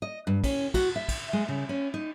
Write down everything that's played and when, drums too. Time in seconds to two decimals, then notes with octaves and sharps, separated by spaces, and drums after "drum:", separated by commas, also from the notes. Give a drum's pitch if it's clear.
0.02 D#5
0.27 G2
0.44 C#4, drum: kick, cymbal
0.74 F#4, drum: kick, cymbal
0.96 E5
1.09 drum: kick, cymbal
1.33 G#3
1.48 C#3
1.69 C#4
1.94 D#4